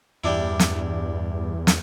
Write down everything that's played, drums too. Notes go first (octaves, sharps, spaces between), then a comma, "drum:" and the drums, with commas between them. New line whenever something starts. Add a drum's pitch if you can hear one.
E2 G2 G3 D4 E4
drum: snare
drum: snare